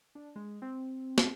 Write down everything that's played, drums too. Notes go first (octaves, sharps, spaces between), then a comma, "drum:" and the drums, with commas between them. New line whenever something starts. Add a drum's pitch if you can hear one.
D4
G#3
C4
drum: snare